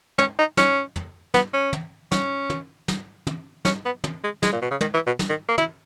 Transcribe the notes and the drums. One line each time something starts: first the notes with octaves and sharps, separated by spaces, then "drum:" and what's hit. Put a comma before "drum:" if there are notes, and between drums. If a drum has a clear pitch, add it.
C#4, drum: tom
D#4
C#4, drum: snare
drum: tom
B3, drum: snare
C#4
drum: tom
C#4, drum: snare
drum: tom
drum: snare
drum: tom
C#4, drum: snare
B3
drum: tom
G#3
G#3, drum: snare
A#2
B2
C#3
D#3, drum: tom
E3
B2
drum: snare
D#3
A#3
E4, drum: tom